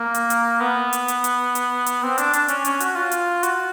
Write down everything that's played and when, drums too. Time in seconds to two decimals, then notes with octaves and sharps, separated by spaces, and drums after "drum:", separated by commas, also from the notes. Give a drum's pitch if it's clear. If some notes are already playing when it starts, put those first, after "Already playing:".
Already playing: A#3
0.14 drum: hi-hat
0.30 drum: hi-hat
0.61 B3
0.93 drum: hi-hat
1.08 drum: hi-hat
1.24 drum: hi-hat
1.55 drum: hi-hat
1.86 drum: hi-hat
2.03 C4
2.18 D4, drum: hi-hat
2.33 D4, drum: hi-hat
2.48 C#4, drum: hi-hat
2.65 C#4, drum: hi-hat
2.80 F#4, drum: hi-hat
2.96 F4
3.11 drum: hi-hat
3.43 F#4, drum: hi-hat